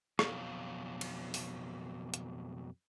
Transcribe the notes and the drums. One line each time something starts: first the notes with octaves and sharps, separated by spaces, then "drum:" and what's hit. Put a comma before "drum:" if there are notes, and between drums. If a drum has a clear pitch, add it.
F2 B2 F#3 F5, drum: rim click
drum: cymbal
drum: open hi-hat
drum: hi-hat